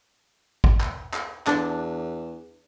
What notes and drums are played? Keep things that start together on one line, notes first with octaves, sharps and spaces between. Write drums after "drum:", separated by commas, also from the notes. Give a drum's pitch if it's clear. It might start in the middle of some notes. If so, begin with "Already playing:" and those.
drum: kick G#1
drum: clap
drum: clap
E2 D4, drum: clap